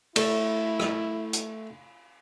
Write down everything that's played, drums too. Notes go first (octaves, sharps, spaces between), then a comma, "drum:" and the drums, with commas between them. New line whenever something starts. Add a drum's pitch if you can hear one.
A3 E4, drum: cymbal
drum: rim click
drum: hi-hat